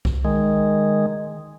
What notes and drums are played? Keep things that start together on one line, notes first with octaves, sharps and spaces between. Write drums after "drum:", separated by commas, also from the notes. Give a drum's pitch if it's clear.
drum: kick C2
D#3 G#3